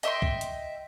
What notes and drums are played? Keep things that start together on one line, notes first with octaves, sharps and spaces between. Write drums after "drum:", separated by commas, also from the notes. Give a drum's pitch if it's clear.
D#5 E5 G5 C6, drum: hi-hat
drum: kick C2
drum: hi-hat